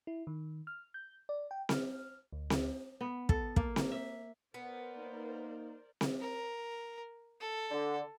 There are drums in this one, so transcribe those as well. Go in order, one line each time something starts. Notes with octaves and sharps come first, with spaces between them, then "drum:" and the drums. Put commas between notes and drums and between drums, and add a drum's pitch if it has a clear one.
E4
D#3
F6
G6
D5
G5
F6, drum: snare C4
D2
drum: snare C4
B3
A4, drum: kick
A#3, drum: kick
drum: snare C4
E5
B3 A#4 C5 D5
A#3 D#4
drum: snare C4
A#4
A4
D3